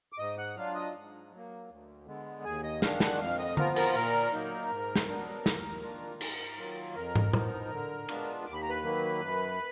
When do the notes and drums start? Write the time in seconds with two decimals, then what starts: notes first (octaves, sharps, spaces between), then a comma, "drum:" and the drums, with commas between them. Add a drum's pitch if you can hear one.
0.12 D6
0.18 G#2 D#5 D#6
0.38 F#5 F#6
0.56 F#3 D4 F4 F5 F6
0.75 D#5 D#6
0.95 G#2
1.31 F#3
1.36 A#3
1.69 D2
2.06 D3 G#3 B3
2.44 D#2 G#4 G#5
2.63 D#5 D#6
2.82 D#3 G#3 D4 F5 F6, drum: snare
3.00 F#5 F#6, drum: snare
3.19 F2 F5 F6
3.39 D#5 D#6
3.57 F3 B3 F4 A#4 A#5, drum: tom D3
3.76 A#4 A#5, drum: cymbal
3.95 A#2 A#4 A#5
4.33 F#3 A#3 D#4
4.70 G#2
4.96 drum: snare
5.08 F#3 B3 D4
5.46 D#2, drum: snare
5.83 D#3 A#3 D4 F4
6.21 G#2, drum: cymbal
6.58 D#3 F#3 A#3 F4
6.95 F2 A#4 A#5
7.15 drum: tom
7.33 F3 B3 D#4, drum: tom A2
7.71 D3
8.09 G#3 B3 D4 F4, drum: cymbal
8.46 D#2 D6
8.53 B5
8.62 A#5
8.69 B4 B5
8.84 D#3 F#3 A#3
9.21 F#2